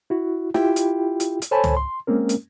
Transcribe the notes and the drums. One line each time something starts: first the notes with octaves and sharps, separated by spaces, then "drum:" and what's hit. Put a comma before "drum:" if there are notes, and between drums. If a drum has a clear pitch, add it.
E4 F#4
E4 F4 G4 G5, drum: snare
drum: hi-hat
drum: hi-hat
drum: hi-hat
A4 C5 C#5 G#5 A5 B5
drum: tom
C6
G#3 A#3 C4 C#4 A#4
drum: hi-hat